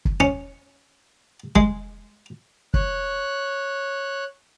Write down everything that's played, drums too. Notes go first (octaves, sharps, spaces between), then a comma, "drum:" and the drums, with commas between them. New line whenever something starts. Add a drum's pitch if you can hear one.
drum: kick
C#4
G#3, drum: kick
C#5 F#6, drum: kick